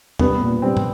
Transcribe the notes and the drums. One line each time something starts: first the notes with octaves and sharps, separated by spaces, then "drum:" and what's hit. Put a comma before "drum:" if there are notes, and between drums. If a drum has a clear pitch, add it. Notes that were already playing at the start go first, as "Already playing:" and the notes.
G3 B3, drum: tom
A#2
G3 C4
drum: tom